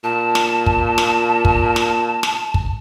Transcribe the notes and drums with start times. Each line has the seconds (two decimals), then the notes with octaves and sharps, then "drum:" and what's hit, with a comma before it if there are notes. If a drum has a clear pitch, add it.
0.04 A#2 A5
0.35 drum: snare
0.66 drum: kick
0.98 drum: snare
1.45 drum: kick
1.76 drum: snare
2.23 drum: snare
2.54 drum: kick